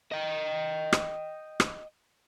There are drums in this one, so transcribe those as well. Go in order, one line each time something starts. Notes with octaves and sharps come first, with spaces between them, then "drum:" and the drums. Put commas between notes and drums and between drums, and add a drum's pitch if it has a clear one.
D#5 G5
drum: rim click
drum: rim click